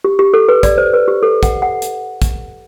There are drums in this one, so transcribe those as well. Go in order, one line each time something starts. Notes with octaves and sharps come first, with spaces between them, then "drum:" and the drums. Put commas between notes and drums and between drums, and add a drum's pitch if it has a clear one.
G4
G4
A4
B4
D5, drum: kick, hi-hat
C5
B4
G4
A4
F#5, drum: kick, hi-hat
F#5
drum: hi-hat
drum: kick, hi-hat